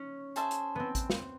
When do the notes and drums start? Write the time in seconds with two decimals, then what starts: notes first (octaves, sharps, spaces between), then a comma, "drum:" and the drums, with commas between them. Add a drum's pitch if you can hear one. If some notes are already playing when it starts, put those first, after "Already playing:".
Already playing: C#4
0.36 G#4 C5 E5 A5, drum: hi-hat
0.51 drum: hi-hat
0.75 B3 C4
0.95 drum: kick A1, hi-hat
1.10 drum: snare